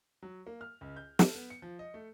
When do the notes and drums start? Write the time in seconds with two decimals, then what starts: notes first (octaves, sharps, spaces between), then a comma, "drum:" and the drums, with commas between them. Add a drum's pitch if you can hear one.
0.22 F#3
0.47 A#3
0.61 F6
0.81 C#2
0.96 G6
1.19 A4, drum: snare
1.35 B3
1.50 C#7
1.62 F3
1.79 D#5
1.94 A3